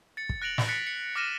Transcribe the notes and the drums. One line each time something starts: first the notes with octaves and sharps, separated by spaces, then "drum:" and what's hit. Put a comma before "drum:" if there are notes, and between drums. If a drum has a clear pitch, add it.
A6 C#7
drum: kick
F#6 A#6 D7 F7 F#7
drum: snare
F#6 A6 B6 C#7
C#7
D6 F6 F#6 A#6 D#7 E7